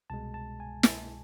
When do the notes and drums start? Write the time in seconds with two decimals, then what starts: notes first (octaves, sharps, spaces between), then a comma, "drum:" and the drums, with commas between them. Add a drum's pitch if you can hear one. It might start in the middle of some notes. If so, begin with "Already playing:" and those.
0.10 C2 B2 G#3 A5
0.34 A5
0.60 G#5
0.83 drum: snare